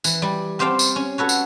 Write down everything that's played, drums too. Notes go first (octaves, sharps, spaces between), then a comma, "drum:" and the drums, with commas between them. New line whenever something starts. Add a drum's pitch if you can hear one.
E3, drum: tambourine
G3
C4 G4 C5 F5 G5 A5
drum: tambourine
C#4
F#4 A4 B4 C#5
drum: tambourine